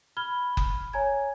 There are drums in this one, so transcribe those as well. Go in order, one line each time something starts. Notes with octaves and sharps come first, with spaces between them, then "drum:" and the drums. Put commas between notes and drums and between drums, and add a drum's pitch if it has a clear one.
B5 F6 G#6 G7
drum: kick F#1
C#5 G#5 A#5 G#6